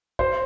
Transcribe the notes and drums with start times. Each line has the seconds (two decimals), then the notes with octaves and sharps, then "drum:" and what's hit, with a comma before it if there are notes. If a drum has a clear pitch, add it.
0.19 C5, drum: kick